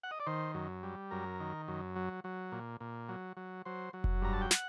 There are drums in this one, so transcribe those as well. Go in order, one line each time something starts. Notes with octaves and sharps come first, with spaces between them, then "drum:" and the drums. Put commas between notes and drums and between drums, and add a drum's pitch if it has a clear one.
F#5
D#5
D5
D#3 C5
F#2
G3
F#2 A#4
D#3
F#2
F#3
F#3
A#2
A#2
F#3
F#3
F#3 C5
F#3
drum: kick F1
G2 A#5
A5
G5
F#5, drum: snare